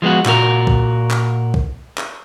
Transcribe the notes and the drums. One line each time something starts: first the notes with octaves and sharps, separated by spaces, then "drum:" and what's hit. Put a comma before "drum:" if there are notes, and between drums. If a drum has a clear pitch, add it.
F3 G#3 B3 F#4
A#2 F#4 A#4, drum: clap
drum: kick
drum: clap
drum: kick
drum: clap